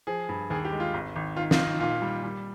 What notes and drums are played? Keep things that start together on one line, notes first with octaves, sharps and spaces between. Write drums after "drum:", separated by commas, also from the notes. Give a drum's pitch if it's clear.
F3 G#4
G2
D#2 G#4
G4
G#3
F4
G#1
G#1
D#3 F4
F4, drum: snare
D#3
A#2 F4
G3
G3